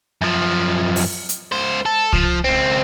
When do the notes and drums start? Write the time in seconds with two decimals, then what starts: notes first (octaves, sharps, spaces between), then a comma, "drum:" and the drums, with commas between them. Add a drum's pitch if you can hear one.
0.21 F#2 F3
0.96 drum: open hi-hat
1.29 drum: hi-hat
1.52 C#2 C5
1.86 A4
2.13 F3, drum: kick C2
2.44 C#2 C4